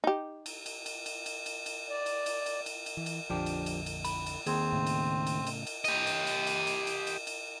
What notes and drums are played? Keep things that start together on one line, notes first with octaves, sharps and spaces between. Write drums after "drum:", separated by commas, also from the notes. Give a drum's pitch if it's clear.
D#4 G4
drum: cymbal
drum: cymbal
drum: cymbal
drum: cymbal
drum: cymbal
drum: cymbal
drum: cymbal
D5
drum: cymbal
drum: cymbal
drum: cymbal
drum: cymbal
drum: cymbal
E3
drum: cymbal
A#1 F2 D3 F3 D4 G4
drum: cymbal
drum: cymbal
drum: cymbal
B5, drum: cymbal
drum: cymbal
D#2 C4 G#4, drum: cymbal
A2 C#3
drum: cymbal
drum: cymbal
drum: cymbal
drum: cymbal
G4 D#5, drum: cymbal
drum: cymbal
drum: cymbal
drum: cymbal
drum: cymbal
drum: cymbal
drum: cymbal
drum: cymbal